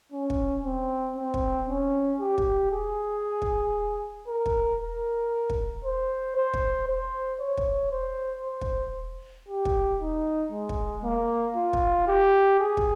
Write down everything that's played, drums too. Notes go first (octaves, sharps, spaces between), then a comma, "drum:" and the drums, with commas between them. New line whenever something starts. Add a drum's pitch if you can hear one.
C#4
drum: kick
C4
C4
drum: kick
C#4
G4
drum: kick
G#4
drum: kick
A#4
drum: kick
A#4
drum: kick
C5
C5
drum: kick
C5
C#5
drum: kick
C5
C5
drum: kick
G4
drum: kick
D#4
G#3
drum: kick
A#3
F4
drum: kick
G4
G#4
drum: kick